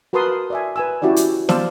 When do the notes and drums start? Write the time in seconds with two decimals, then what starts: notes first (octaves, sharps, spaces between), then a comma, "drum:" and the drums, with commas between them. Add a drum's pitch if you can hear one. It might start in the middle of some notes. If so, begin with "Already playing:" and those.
0.13 F#4 A#4 B4 A5 C6 D#6
0.50 D5 E5 G#5
0.76 B4 G#5 E6
1.02 C#4 E4 F#4 G4 D5
1.16 drum: hi-hat
1.49 C5 D5 F5 A5 E6, drum: snare